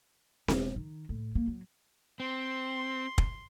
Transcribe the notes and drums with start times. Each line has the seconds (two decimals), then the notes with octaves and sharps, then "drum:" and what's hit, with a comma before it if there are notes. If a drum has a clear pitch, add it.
0.48 E1, drum: snare C4
0.76 D#3
1.09 A2
1.35 A#3
1.48 F#3
2.20 C4 C6
3.18 drum: kick